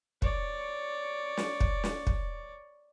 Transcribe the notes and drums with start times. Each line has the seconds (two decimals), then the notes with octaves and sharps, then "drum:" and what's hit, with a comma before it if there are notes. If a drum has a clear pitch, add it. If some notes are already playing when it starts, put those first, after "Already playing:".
0.22 C#5 D5, drum: kick
1.37 drum: snare
1.60 drum: kick
1.84 drum: snare
2.07 drum: kick